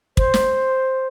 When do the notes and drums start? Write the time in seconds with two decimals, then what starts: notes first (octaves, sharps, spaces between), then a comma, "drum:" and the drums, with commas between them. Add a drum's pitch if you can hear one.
0.17 C5, drum: kick
0.34 drum: snare